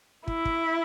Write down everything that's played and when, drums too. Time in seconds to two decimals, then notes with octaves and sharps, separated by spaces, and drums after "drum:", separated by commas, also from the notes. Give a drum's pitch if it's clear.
0.28 E4, drum: kick
0.45 drum: kick